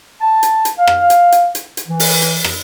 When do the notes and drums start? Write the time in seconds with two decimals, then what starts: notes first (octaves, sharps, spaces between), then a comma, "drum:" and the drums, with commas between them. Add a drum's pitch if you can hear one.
0.20 A5
0.43 drum: hi-hat
0.65 drum: hi-hat
0.78 F5
0.87 drum: rim click
1.10 drum: hi-hat
1.32 drum: hi-hat
1.55 drum: hi-hat
1.77 drum: hi-hat
1.87 E3
2.00 drum: open hi-hat
2.22 drum: hi-hat
2.44 drum: rim click